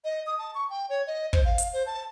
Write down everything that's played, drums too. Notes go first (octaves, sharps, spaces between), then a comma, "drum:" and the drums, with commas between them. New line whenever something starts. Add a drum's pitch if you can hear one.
D#5
D#6
A5
C#6
G5
C#5
D#5
C5, drum: kick
F5
drum: hi-hat
C5
A5